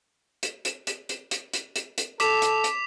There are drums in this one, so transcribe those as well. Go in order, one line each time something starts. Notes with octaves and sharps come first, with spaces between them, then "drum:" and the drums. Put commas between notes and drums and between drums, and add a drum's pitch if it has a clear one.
drum: hi-hat
drum: hi-hat
drum: hi-hat
drum: hi-hat
drum: hi-hat
drum: hi-hat
drum: hi-hat
drum: hi-hat
A4 D6 B6 E7, drum: hi-hat
drum: hi-hat
drum: hi-hat